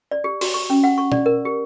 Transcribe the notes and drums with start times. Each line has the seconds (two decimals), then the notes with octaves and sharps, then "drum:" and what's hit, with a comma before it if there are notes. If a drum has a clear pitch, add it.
0.11 D5
0.24 G4
0.41 F#4, drum: open hi-hat
0.54 C#6
0.70 C#4
0.84 F#5
0.98 C#6
1.12 D5, drum: tom B2
1.26 A#4
1.45 G4